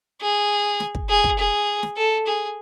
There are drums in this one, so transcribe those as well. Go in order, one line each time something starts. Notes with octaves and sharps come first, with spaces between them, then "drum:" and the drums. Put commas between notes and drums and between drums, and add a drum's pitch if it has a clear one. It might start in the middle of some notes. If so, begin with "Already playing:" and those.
G#4
drum: snare
drum: kick
G#4
drum: kick
G#4
drum: snare
A4
G#4